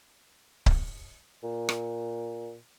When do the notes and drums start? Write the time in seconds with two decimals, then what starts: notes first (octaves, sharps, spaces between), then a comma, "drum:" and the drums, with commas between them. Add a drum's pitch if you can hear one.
0.66 drum: kick C#1
1.43 A#2
1.69 drum: rim click